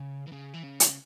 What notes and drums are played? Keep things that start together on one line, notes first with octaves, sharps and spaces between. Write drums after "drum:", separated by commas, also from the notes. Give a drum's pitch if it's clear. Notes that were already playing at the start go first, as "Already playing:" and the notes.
Already playing: C#3
E3
C#3
E3
C#3
drum: hi-hat